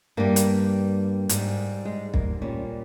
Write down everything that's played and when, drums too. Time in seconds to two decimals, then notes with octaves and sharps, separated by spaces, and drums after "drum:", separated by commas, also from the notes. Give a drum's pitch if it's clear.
0.17 G2 G3 A#3
0.36 drum: hi-hat
1.29 G#2 G3, drum: hi-hat
1.85 G#3
2.14 A#3, drum: kick
2.42 A#2 G3 C#4